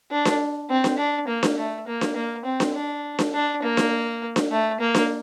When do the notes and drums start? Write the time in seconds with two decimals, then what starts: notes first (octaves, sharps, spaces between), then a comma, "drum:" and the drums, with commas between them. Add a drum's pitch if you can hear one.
0.11 D4
0.25 drum: snare D4
0.69 C4
0.84 drum: snare D4
0.98 D4
1.27 A#3
1.43 drum: snare D4
1.58 A3
1.87 A#3
2.01 drum: snare D4
2.15 A#3
2.45 C4
2.60 drum: snare D4
2.74 D4
3.19 drum: snare D4
3.34 D4
3.62 A#3
3.77 drum: snare D4
4.36 drum: snare D4
4.51 A3
4.80 A#3
4.94 drum: snare D4